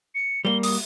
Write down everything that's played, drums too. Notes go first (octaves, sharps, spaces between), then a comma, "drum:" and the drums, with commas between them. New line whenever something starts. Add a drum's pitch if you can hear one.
C#7
G3 A#3 G7
D#6, drum: open hi-hat